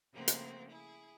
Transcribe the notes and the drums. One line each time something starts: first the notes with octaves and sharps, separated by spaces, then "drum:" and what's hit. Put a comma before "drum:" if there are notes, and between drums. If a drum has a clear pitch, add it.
C#3 F3 A3 A#3 C4 F#4
drum: hi-hat
E4 G#4